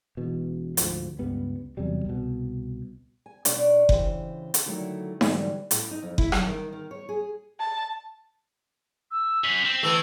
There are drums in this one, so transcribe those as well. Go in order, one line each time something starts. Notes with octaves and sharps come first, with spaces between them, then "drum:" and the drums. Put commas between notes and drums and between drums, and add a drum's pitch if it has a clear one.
E1 E2 B2
D2 G#2 F3, drum: hi-hat
C#2 G2 G3 B3
E2 C3 F#3 G3
C2 B2
G#5
B2 D4 C#5 D5, drum: hi-hat
C#3 E3 G4 C5, drum: kick F#1
drum: hi-hat
D3 D#3 F#3 A3 E4
G#2 D3 E3 F#3 G3, drum: snare D#4
A2, drum: hi-hat
D#4
F2
E4, drum: kick F#1
F#2, drum: rim click
D#3
D#3
C#5
G#4
A5
E6
F#2 B6
C4
E3 A3 E6